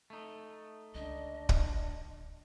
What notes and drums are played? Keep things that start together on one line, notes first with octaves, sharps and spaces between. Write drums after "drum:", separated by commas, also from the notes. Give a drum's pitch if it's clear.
A3 D#4
C#2 D3 D4 D#5
drum: kick